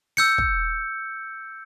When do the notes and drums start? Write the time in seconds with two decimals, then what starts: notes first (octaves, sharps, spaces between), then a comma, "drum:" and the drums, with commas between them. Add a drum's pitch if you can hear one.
0.17 E6 G6 C#7, drum: open hi-hat
0.38 drum: kick